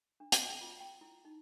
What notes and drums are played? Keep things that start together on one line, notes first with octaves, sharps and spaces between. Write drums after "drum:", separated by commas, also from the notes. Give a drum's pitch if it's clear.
D4
D#5, drum: hi-hat
G5
F4
G5
E4
D#4